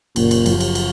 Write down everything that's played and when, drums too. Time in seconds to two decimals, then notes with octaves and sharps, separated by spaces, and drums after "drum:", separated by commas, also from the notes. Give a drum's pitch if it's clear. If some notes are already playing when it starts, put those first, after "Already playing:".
0.16 F#1 A#2, drum: cymbal
0.31 drum: cymbal
0.46 F#2 F3, drum: cymbal
0.60 drum: cymbal
0.75 drum: cymbal